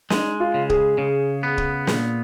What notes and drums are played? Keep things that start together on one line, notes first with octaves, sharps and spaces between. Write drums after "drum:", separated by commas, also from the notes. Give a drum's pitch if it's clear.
G#3 D#4, drum: snare
F4
C#3
G#4, drum: kick
C#3
B3
drum: kick
A#2, drum: snare